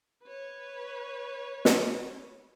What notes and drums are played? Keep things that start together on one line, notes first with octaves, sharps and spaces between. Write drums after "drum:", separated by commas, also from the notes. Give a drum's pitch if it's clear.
B4 C#5
drum: snare